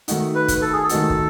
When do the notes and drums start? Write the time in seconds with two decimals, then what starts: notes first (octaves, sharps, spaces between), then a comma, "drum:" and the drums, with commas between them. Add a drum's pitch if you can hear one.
0.08 D#3 A3 D#4 F#4, drum: hi-hat
0.35 B4
0.48 drum: kick, hi-hat
0.62 A4
0.73 G#4
0.84 A4
0.89 D#3 A3 D#4 F#4, drum: hi-hat
1.10 drum: kick